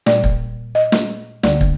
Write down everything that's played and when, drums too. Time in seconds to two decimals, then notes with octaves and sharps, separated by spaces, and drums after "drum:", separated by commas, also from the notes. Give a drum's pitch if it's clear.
0.06 A#2 G3 A#3 D5, drum: snare
0.24 drum: kick
0.75 D#5
0.92 drum: snare
1.43 D2 D3 G3 A#3 D5, drum: snare
1.61 drum: kick